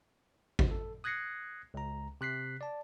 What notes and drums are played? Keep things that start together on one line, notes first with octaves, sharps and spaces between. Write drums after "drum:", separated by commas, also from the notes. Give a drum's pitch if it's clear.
drum: kick G#1
A4
D#6 F#6 G#6 A#6 C7 C#7
C#2 A#5
C3 F#6 B6 C7
D5 A5